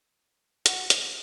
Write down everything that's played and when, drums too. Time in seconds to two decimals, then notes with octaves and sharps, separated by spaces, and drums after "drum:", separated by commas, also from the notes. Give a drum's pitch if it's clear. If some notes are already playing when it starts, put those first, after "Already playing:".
0.66 F#4, drum: hi-hat
0.90 drum: hi-hat